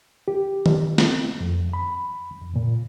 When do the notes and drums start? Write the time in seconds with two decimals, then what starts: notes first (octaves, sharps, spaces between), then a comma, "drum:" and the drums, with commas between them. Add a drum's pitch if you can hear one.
0.28 G4
0.66 drum: tom D#3
0.98 C4, drum: snare
1.40 F2
1.73 B5
2.41 F2
2.56 A#2